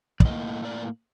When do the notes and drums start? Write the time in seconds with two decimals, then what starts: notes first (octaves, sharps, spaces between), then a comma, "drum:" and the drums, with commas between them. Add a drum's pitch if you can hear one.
0.20 D5, drum: kick
0.25 A2 G3 D#5
0.30 A#3
0.65 D5